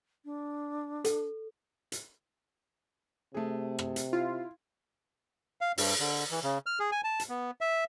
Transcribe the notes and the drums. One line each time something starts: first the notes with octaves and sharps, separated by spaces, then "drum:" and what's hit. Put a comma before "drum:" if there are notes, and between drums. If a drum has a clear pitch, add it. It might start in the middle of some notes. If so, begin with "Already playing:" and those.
D4
A4, drum: hi-hat
drum: hi-hat
C3 A3 G#4
drum: rim click
drum: hi-hat
E4 F4
F5
G2, drum: open hi-hat
D3
E3
C#3
F6
G#4
G#5
A5
drum: hi-hat
B3
E5